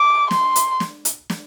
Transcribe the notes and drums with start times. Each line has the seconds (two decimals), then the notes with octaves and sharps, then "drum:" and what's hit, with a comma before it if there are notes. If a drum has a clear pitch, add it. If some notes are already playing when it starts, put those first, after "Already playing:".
Already playing: D6
0.31 C6, drum: snare
0.56 drum: hi-hat
0.80 drum: snare
1.05 drum: hi-hat
1.30 drum: snare